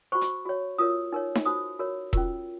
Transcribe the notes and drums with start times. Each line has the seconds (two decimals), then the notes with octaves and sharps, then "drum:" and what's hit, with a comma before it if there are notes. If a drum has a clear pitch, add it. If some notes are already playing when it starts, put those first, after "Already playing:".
0.12 F#4 C5 C#6
0.21 drum: hi-hat
0.46 F#4 C#5
0.78 F4 A#4 C#5 D#6
1.13 D#4 A#4 C#5
1.35 drum: snare D#4
1.45 D#4 F#4 C5 D#6
1.79 F#4 A#4 C#5
2.13 C#4 F4 A#4, drum: kick E1